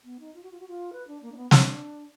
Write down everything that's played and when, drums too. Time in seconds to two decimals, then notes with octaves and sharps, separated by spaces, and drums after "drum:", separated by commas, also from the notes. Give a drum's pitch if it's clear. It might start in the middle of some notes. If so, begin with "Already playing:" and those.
0.04 B3
0.20 D#4
0.34 F4
0.43 F#4
0.52 F4
0.60 F#4
0.68 F4
0.93 B4
1.08 D4
1.22 A#3
1.32 D4
1.37 B3
1.51 D4, drum: snare